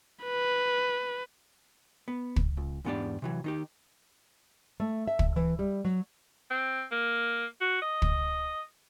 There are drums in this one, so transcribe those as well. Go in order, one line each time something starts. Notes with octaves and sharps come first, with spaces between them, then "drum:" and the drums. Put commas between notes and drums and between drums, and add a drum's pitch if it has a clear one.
B4
B3
drum: kick
C#2
E2 G#2 B3 D4 G4 D5
C3 E3 F#3
D#3 D#4 G4
A3
E5
drum: kick
E3
G3
F#3
C4
A#3
F#4
D#5
drum: kick